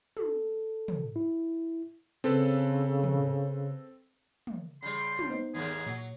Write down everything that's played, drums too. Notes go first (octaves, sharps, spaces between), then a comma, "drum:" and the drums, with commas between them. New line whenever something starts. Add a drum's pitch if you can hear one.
A4, drum: tom
drum: tom
E4
C#3 C4 A4 B4
drum: tom
drum: tom
C#3 G3 C6
drum: tom
B3 D#4 C5
D#2 G#2 A#3 G#4
A#2 F#3